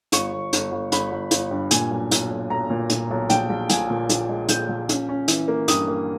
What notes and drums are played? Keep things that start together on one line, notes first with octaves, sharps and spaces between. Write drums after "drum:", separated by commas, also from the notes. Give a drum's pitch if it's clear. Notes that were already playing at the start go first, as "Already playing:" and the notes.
G1 C#6, drum: hi-hat
G1
G1, drum: hi-hat
G1
G1 B5, drum: hi-hat
G1
G1, drum: hi-hat
G2
A#2 G#5, drum: hi-hat
B1
B1, drum: hi-hat
B1
B1 A#5
A#2
A#2, drum: hi-hat
B1
A#1 G5, drum: hi-hat
A#1
A#1 G#5, drum: hi-hat
A#2
A#1, drum: hi-hat
G#3
A#1 G6, drum: hi-hat
A#1
C#4, drum: hi-hat
C#4
E3, drum: hi-hat
A#3
G2 D#6, drum: hi-hat
A#3